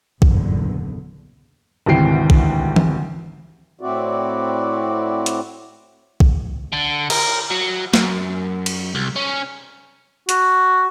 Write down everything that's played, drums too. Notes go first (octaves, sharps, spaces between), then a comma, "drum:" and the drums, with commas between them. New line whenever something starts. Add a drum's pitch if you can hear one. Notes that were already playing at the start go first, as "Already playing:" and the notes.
F#1 E2 G2 A#2 D3, drum: kick A#1
G#1 D2 C3 E3 G5 C7
drum: kick A#1
drum: tom E3
A2 C4 E4 F#4 D5
drum: hi-hat
drum: kick A#1
D3
A#4, drum: cymbal
F#3
F#2, drum: snare
drum: cymbal
C2
C#4
F#4, drum: hi-hat